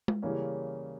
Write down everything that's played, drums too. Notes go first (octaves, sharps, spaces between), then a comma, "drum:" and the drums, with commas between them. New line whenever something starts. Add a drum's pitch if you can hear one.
drum: tom G#3
C#3 E3 G3 A#3 C#4